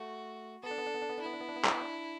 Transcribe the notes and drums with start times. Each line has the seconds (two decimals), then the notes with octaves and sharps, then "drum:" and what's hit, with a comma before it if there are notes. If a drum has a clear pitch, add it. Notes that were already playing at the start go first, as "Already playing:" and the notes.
Already playing: A3 F#4
0.63 B3 A4
0.71 D4
0.78 B3
0.86 D4
0.94 B3
1.02 D4
1.10 B3
1.18 D4
1.22 B3 E4
1.33 D4
1.41 B3
1.49 D4
1.56 B3
1.64 D4, drum: clap
1.72 B3
1.81 D4